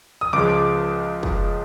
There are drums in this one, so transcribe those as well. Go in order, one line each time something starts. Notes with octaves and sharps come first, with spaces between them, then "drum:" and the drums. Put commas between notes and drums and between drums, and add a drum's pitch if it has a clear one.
D#6
C#2 C#3 F3 G#3 D6
drum: kick